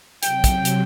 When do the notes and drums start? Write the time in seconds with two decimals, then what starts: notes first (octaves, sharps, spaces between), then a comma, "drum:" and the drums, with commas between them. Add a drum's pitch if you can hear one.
0.23 C3 F#3 G5, drum: hi-hat
0.44 drum: kick, hi-hat
0.65 drum: hi-hat